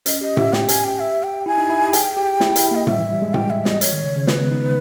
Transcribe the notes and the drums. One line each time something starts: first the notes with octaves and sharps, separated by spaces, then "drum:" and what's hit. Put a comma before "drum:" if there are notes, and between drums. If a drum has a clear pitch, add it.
C#4 D#5, drum: hi-hat
G4 D#5
G4 E5, drum: tom A2
G5, drum: snare
G#5, drum: hi-hat
G5
E5
G5
E4 G#5
D#4
E4
G4
G#4 G5, drum: hi-hat
G4
E4, drum: snare
E4, drum: hi-hat
A#3 D#5
G3 E5, drum: tom A2
E3
G3
G#3
G5, drum: tom A2
G#3 E5
G3 D#5, drum: snare
C#5, drum: hi-hat
D#3
C#3
C#3
G#3 B4, drum: snare
B3
D#4
D#4